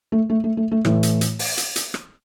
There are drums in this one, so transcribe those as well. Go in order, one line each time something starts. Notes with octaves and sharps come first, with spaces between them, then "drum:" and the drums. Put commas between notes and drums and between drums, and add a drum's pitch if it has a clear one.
A3
A3
A3
A3
A3
A2 E3 A3, drum: rim click
drum: hi-hat
drum: hi-hat
drum: open hi-hat
drum: hi-hat
drum: hi-hat
drum: rim click